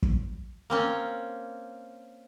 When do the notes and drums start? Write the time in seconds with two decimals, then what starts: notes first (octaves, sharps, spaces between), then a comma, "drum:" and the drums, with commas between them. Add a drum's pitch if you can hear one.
0.02 drum: kick
0.70 A#3 C4 C#4